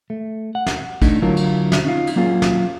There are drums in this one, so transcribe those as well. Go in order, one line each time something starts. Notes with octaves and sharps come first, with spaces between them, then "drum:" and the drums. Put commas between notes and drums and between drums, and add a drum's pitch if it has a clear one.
A3
F#5
drum: snare
A3 D4 D#4, drum: kick, cymbal
D3 F#3 E4 F4 A#4 C#5
drum: cymbal
drum: snare
C#4 D#4 F4
drum: cymbal
F#3 A#3 C#4 F4 G#4
drum: snare